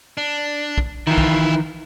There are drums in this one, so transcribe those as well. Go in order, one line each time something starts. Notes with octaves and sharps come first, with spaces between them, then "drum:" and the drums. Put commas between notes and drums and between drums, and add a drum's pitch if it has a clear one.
D4
drum: kick
D#3 E3 E4 F4
drum: kick